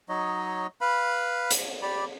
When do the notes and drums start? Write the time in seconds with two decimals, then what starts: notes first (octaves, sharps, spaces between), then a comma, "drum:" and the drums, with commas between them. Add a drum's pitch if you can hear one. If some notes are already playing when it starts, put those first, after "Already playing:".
0.09 F#3 D#4 C#5 D#5
0.81 B4 F5 B5
1.51 drum: hi-hat
1.82 G4 D5 B5